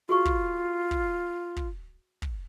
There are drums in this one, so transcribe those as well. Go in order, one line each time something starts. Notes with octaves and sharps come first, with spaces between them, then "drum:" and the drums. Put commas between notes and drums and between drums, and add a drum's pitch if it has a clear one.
F4 F#4 G#4 C#6
drum: kick
drum: kick
drum: kick
drum: kick